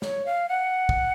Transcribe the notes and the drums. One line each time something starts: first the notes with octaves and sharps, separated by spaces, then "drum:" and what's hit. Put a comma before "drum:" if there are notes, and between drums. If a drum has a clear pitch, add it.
C#5, drum: snare
F5
F#5
drum: kick